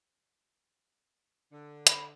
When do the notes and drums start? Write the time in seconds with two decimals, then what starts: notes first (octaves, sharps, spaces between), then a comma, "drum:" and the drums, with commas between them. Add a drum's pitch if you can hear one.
1.52 D3
1.87 B5, drum: hi-hat